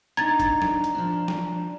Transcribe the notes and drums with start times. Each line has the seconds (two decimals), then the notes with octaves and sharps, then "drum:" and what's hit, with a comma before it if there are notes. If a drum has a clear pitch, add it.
0.17 D4 D#4 A#5 G#6 A6
0.40 drum: kick G1, hi-hat
0.62 drum: snare
0.84 drum: hi-hat
0.95 F3 D4
1.28 drum: snare